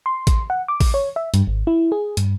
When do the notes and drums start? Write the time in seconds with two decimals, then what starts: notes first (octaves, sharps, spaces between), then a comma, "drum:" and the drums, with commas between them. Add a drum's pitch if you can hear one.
0.06 C6
0.27 drum: kick A1, hi-hat
0.50 F#5
0.68 D6
0.80 drum: kick A1, open hi-hat
0.94 C#5
1.16 E5
1.34 G2, drum: hi-hat
1.47 G#1
1.67 E4
1.92 G#4
2.17 G2, drum: hi-hat